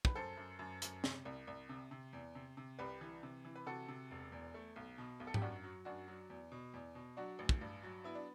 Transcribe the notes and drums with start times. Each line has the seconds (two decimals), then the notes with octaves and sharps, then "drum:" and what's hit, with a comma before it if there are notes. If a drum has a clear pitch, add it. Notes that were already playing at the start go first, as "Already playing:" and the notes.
0.05 B4, drum: kick
0.15 F#2 A4 C5
0.37 F#2
0.59 F#2
0.82 F#2, drum: hi-hat
1.04 C3, drum: snare
1.25 C2
1.47 C2
1.69 C3
1.91 C3
2.13 E2
2.35 C3
2.57 C3
2.79 C2 G4 B4
3.01 E3
3.23 C3
3.45 E3
3.55 B4
3.66 C3 F#4 A4
3.88 C3
4.11 E1
4.32 E2
4.54 A3
4.76 B1
4.98 B2
5.20 B1
5.27 A4
5.34 G4, drum: tom G#2
5.41 F#2 D4 F#4
5.64 F#3
5.85 F#2 D4 F#4
6.08 F#3
6.30 E2
6.52 B2
6.74 E2
6.95 B2
7.17 F#3 D4 F#4
7.39 A1
7.49 drum: kick
7.61 G2
7.83 F#3
8.04 B3 E4
8.15 D4